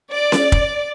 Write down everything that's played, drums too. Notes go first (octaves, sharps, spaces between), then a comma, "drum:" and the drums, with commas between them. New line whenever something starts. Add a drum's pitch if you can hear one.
D5
drum: snare C#4
drum: kick